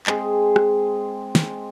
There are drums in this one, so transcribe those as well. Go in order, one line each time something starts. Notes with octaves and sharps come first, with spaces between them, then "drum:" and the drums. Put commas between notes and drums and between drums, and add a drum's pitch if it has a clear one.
G#3 C4 G#4, drum: clap
drum: rim click
drum: snare